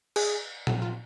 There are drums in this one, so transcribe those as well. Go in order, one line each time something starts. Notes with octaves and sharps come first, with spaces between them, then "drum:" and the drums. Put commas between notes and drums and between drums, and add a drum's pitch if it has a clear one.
G#4, drum: cymbal
drum: tom A#2
F4